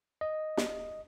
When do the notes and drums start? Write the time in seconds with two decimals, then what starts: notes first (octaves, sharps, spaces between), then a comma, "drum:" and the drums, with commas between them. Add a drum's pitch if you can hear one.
0.21 D#5
0.57 drum: snare